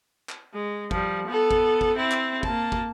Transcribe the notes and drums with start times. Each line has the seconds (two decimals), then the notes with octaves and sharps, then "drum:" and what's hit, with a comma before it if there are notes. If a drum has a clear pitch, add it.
0.29 drum: clap
0.54 G#3
0.91 F3 G3, drum: kick
1.27 B3 A4
1.51 drum: kick
1.81 drum: kick
1.96 C4 E4
2.11 drum: clap
2.43 A#3 A5, drum: kick
2.72 drum: kick